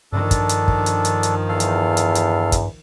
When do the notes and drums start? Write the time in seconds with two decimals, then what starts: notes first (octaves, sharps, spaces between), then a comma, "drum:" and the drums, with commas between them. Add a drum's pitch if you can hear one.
0.12 G2 D#3 F3 D4 A4
0.31 drum: kick, hi-hat
0.49 drum: hi-hat
0.68 drum: kick
0.86 drum: hi-hat
1.05 drum: hi-hat
1.23 drum: hi-hat
1.49 E2 A4 F5
1.60 drum: hi-hat
1.97 drum: hi-hat
2.15 drum: hi-hat
2.52 drum: kick, hi-hat